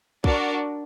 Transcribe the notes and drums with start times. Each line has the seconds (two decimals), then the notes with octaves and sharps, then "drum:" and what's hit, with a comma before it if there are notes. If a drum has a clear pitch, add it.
0.24 D4 F#4 A#4 D5, drum: kick